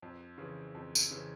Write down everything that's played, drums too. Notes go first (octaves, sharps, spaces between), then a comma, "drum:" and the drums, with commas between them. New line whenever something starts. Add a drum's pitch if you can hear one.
F2
C#3 E3
F2
drum: tambourine
C#3 E3